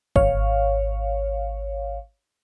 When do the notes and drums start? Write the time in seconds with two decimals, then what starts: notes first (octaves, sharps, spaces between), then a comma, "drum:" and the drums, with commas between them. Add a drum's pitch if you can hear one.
0.16 G#1 C#5 F5, drum: kick